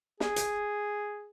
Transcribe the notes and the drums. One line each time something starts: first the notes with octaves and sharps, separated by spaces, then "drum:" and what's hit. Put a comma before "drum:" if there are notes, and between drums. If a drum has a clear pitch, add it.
G#4, drum: snare
drum: hi-hat